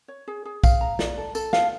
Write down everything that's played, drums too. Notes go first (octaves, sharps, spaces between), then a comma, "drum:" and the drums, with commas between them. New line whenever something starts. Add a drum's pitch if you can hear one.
C#5
G#4
G#4
F5, drum: kick, tambourine
A#5
D5, drum: snare
A4
A4, drum: tambourine
F5, drum: snare